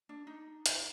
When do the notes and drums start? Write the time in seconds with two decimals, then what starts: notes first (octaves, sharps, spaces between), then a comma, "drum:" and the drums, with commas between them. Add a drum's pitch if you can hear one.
0.09 D4
0.27 D#4
0.66 drum: hi-hat